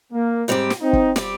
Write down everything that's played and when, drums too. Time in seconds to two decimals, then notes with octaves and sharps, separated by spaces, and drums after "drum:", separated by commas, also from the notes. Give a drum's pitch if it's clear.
0.13 A#3
0.48 G#2 G3 C4 G4
0.70 drum: snare
0.81 C4 D#4
0.93 drum: kick F#1
1.16 G3 C4 G4, drum: snare